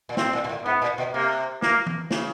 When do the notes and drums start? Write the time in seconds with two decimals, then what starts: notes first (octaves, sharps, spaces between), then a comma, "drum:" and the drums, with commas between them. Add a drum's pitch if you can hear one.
0.09 A#2
0.17 A2 C4, drum: snare
0.33 A#2
0.44 A#2
0.49 A2
0.65 G#2 B3
0.82 A#2
0.98 B2
1.14 C3 A#3
1.62 A#3, drum: snare
1.86 drum: tom E3
2.11 C#3, drum: snare